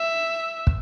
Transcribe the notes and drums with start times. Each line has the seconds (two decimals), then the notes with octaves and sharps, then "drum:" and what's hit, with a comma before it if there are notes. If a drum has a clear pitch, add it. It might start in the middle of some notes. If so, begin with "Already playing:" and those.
Already playing: E5
0.67 drum: kick